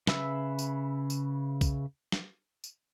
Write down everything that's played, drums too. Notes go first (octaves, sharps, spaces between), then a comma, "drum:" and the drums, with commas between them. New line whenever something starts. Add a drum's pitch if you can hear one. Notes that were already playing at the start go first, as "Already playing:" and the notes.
C#3 B4 E5 E6, drum: snare
drum: tambourine
drum: tambourine
drum: kick, tambourine
drum: snare
drum: tambourine